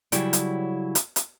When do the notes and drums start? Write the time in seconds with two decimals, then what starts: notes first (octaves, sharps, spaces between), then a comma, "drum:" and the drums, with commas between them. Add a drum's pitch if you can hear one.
0.12 C#3 F#3 G3 E4 G5, drum: hi-hat
0.33 drum: hi-hat
0.95 drum: hi-hat
1.16 drum: hi-hat